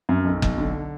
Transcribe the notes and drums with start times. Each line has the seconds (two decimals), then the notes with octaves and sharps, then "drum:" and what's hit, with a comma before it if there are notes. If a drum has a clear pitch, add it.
0.09 F#2
0.25 B1
0.42 B1, drum: kick F#1
0.58 D3